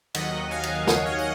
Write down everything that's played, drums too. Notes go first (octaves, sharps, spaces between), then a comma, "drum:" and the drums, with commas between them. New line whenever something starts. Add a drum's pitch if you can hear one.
D#2 D#3 F#3 D#5 F#5, drum: cymbal
F5 G#5
drum: cymbal
C#5, drum: snare
D#5
F#5